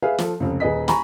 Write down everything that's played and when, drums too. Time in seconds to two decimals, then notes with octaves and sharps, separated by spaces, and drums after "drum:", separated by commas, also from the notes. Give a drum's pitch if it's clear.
0.02 G#4 B4 E5 F5
0.18 F3 A4, drum: snare
0.40 F1 C#2
0.60 D#1 G#4 B4 D#5 B6
0.88 G#5 A#5 B5 C#6, drum: snare